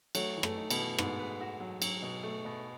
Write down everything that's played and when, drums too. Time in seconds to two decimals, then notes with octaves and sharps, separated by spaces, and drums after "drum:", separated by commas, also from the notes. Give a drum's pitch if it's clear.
0.15 F#3 A3, drum: cymbal
0.37 E3
0.43 A3, drum: rim click
0.57 D#4
0.70 B2, drum: cymbal
0.78 E3
0.98 G#2 B3, drum: rim click
1.19 B4
1.41 F#4
1.60 F#3
1.82 F#3, drum: cymbal
2.02 B2
2.23 A3
2.45 B2